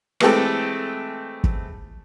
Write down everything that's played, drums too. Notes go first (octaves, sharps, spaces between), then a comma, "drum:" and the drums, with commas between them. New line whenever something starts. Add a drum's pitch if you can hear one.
E3 G#3 A3 C4 G4 A4, drum: rim click
drum: kick